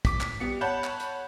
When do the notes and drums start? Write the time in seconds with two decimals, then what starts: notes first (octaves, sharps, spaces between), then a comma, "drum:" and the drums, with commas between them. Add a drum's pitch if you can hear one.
0.05 D6 B6, drum: kick, hi-hat
0.21 drum: clap
0.40 G3 B3 C#7
0.61 C#5 F#5 A5 B5 G6
0.84 drum: clap
1.00 drum: hi-hat